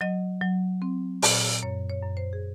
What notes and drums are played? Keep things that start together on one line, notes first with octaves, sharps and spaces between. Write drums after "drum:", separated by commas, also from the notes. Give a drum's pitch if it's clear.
F#3 D#5
F#3
C4
A#2, drum: open hi-hat
F#2 C#5
C#5
F#2
C5
G#4